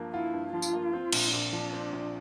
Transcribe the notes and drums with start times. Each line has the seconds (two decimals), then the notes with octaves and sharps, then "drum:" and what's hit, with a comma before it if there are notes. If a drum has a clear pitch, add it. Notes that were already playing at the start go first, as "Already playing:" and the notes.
Already playing: G2 F3 A#3
0.14 E4 F4
0.33 G2
0.53 F3 F4
0.62 drum: tambourine
0.73 A#3
0.93 C4
1.13 A#1, drum: cymbal
1.32 A#2 D4
1.53 F3
1.73 C4
1.92 A#1